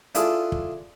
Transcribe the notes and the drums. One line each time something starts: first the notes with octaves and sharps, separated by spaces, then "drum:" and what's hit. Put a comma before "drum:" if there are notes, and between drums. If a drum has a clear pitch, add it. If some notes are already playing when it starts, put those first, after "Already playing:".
D4 E4 F4 G#4 A4, drum: hi-hat
drum: kick